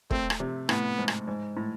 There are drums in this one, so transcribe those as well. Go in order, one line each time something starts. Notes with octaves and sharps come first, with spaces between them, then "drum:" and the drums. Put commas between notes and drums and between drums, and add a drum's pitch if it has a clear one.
A3 C4, drum: kick
drum: rim click
C3
A2 B3, drum: rim click
G#2
drum: rim click
G#2
A2